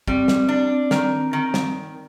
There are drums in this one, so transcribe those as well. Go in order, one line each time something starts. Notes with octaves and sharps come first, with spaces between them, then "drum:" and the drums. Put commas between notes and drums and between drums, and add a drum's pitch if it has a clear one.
G3 C4, drum: kick
drum: snare
D4
D#3, drum: snare
D#3
drum: snare